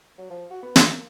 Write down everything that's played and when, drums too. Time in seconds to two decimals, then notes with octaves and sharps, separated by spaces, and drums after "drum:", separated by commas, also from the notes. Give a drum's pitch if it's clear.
0.18 F#3
0.30 F3
0.50 F#4
0.63 B3
0.76 drum: snare
0.86 A#3